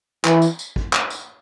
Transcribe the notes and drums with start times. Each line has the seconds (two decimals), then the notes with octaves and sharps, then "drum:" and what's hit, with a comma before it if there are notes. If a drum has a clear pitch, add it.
0.25 E3, drum: clap
0.42 drum: tambourine
0.59 drum: tambourine
0.76 drum: kick
0.93 drum: clap
1.10 drum: tambourine